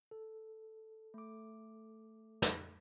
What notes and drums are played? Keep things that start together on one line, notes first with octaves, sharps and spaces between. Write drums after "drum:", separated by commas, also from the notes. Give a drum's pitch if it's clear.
A4
A3 D6
drum: snare